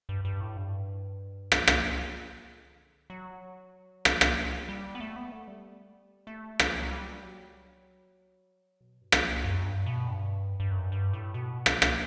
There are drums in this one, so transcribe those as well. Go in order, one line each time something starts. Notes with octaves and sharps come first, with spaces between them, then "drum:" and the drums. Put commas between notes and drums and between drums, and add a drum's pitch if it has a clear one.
G2
G2
A2
G2
drum: rim click
drum: rim click
F#2
C#3
D3
F#3
drum: rim click
drum: rim click
G3
G3
B3
A3
B3
A3
G3
A3
D3, drum: rim click
E3
F#3
G3
F#3
B2
G2
drum: rim click
F#2
F#2
G2
B2
G2
G2
F#2
G2
A2
B2
drum: rim click
drum: rim click